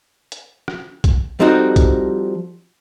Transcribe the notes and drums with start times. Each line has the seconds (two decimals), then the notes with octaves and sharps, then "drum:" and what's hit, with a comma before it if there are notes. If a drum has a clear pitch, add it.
0.32 drum: hi-hat
0.68 drum: rim click
1.04 drum: kick, hi-hat
1.40 F3 G3 C4 D#4 F#4 A4
1.76 drum: kick, hi-hat